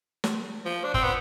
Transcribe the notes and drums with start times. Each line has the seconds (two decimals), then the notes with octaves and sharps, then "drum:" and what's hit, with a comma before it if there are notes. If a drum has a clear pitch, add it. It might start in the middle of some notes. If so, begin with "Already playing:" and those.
0.24 drum: snare
0.65 F3
0.84 D4
0.94 C4, drum: kick G1
1.03 B3